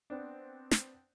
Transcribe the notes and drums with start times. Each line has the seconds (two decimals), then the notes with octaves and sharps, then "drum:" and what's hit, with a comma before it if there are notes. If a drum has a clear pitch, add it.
0.10 B3 C4 D4
0.71 drum: snare